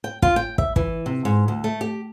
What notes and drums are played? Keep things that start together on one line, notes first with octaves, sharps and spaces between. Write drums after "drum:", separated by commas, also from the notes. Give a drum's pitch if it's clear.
G5
F4, drum: kick
G5
E5, drum: kick
E3, drum: kick
C3
G#2
D2
A3
G4